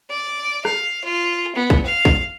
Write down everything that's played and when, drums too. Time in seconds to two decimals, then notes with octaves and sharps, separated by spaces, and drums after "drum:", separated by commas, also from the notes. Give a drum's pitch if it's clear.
0.10 D5
0.65 F5, drum: rim click
1.04 F4
1.55 B3
1.70 drum: kick
1.85 F5
2.05 drum: kick